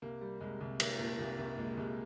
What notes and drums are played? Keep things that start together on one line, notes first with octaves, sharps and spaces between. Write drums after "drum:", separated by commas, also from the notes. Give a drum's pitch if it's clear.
C2 A#3
G3
C2 G#3
C2
C2 A#3, drum: cymbal
A#2
C2 A#3
C2
A#2 G#3
C2 G#3